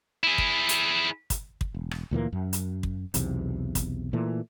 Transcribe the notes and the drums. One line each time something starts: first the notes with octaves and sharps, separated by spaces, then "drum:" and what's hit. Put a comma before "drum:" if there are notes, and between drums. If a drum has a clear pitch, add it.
E4 G#4
drum: kick
drum: hi-hat
drum: kick, hi-hat
drum: kick
E1
drum: rim click
D2 A#2 E3 A#3
F#2
drum: hi-hat
drum: kick
B1 E2 C3, drum: hi-hat
drum: kick, hi-hat
A#2 E3 A3